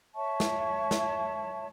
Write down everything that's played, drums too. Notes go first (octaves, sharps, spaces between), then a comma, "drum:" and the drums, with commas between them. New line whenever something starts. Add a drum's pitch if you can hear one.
C#5 E5 A5 C#6
drum: snare
drum: snare